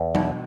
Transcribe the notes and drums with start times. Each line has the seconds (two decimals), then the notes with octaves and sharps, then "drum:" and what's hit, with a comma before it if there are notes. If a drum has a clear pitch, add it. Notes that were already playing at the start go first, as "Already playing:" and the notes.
Already playing: E2
0.15 B2 D#4, drum: tom F#3